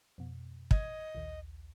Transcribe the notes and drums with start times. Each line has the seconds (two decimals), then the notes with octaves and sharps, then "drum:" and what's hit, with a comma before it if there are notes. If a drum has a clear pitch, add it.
0.18 F2 B2
0.71 D#5 G#6, drum: kick
1.15 A#1 D#2